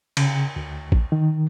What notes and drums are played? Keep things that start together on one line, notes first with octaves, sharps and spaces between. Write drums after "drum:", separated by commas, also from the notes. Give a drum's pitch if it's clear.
C#3, drum: cymbal
D2
drum: kick
D#3